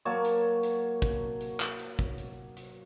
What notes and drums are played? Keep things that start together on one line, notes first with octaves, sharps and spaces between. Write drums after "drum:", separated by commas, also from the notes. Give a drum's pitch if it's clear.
F#3 A#3 C#5 A5
drum: hi-hat
drum: hi-hat
drum: kick, hi-hat
drum: hi-hat
drum: clap
drum: hi-hat
drum: kick
drum: hi-hat
drum: hi-hat